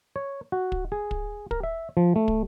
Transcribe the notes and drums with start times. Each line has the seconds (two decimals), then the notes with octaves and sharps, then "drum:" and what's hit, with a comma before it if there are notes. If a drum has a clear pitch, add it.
0.16 C#5
0.52 F#4
0.72 drum: kick
0.92 G#4
1.11 drum: kick
1.51 A#4, drum: kick
1.63 E5
1.97 F3
2.16 A3
2.28 drum: kick